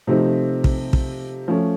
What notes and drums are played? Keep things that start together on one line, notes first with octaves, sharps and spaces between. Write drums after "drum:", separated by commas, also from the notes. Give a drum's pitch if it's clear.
C3 F3 A3 C4 D#4
drum: kick
drum: kick
F3 A3 C#4